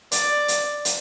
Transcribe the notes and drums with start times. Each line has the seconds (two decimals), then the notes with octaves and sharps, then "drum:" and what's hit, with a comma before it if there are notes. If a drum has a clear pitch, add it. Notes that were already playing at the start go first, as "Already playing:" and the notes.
0.12 D5, drum: hi-hat
0.48 drum: hi-hat
0.85 drum: hi-hat